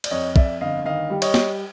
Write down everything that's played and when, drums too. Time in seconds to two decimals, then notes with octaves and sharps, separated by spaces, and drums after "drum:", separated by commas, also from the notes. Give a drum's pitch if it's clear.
0.04 D5, drum: cymbal
0.11 F2 C#5 D#5
0.36 F2 D5 E5, drum: kick
0.61 G1 D#5 F5
0.85 D#3 D#5 F5
1.10 G3
1.22 C#5 D#5, drum: cymbal
1.34 G3, drum: snare